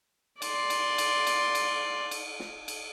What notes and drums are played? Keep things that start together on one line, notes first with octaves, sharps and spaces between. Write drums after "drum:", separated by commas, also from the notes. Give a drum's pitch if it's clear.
D5 C6, drum: cymbal
drum: cymbal
drum: cymbal
drum: cymbal
drum: cymbal
drum: cymbal
drum: snare
drum: cymbal